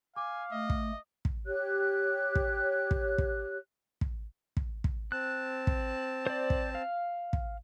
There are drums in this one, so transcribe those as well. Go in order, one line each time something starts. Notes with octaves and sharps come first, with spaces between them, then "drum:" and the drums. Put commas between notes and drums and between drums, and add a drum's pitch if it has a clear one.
F5 G#5 D6
A3 D#5
drum: kick
drum: kick
G4 C#5 F#6
drum: kick
drum: kick
drum: kick
drum: kick
drum: kick
drum: kick
C4 A5 F#6
drum: kick
C5 D5
drum: kick
F5
drum: kick